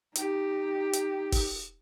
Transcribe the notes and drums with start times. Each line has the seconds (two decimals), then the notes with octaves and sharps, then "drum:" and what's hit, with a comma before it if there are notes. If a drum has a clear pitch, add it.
0.15 D#4 G4, drum: hi-hat
0.93 drum: hi-hat
1.32 drum: kick G1, open hi-hat